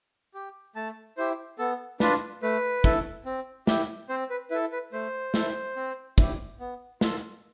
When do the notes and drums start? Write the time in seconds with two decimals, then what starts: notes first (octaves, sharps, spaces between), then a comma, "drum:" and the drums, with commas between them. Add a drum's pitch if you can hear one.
0.34 G4
0.76 A3 A5
1.17 E4 G4 C5
1.59 B3 A4
2.00 D4 F4 B4, drum: snare
2.42 A3 B4
2.84 E4 A4, drum: kick
3.25 C4
3.67 E4 G4, drum: snare
4.09 C4 C5
4.30 B4
4.50 E4 A4 B4
4.72 B4
4.93 A3 C5
5.34 A4, drum: snare
5.39 E4
5.76 C4
6.18 E4 G4, drum: kick
6.60 B3
7.01 F4 A4, drum: snare